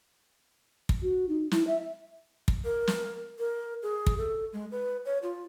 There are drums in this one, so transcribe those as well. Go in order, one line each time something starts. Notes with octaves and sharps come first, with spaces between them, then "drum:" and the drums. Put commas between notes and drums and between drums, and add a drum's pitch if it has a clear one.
drum: kick
F#4
D#4
E4, drum: snare
E5
drum: kick
A#4
drum: snare
A#4
G#4
drum: kick
A4
G#3
B4
C#5
F4